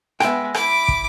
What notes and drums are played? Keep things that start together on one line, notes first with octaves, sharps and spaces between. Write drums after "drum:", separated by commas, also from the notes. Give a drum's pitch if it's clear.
G#3 B3 E5 G5, drum: rim click
E4 D6, drum: rim click
drum: kick